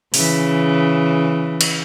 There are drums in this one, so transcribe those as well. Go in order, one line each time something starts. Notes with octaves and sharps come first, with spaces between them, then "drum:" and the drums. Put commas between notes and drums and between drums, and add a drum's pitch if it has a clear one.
C#3 E3, drum: open hi-hat
drum: cymbal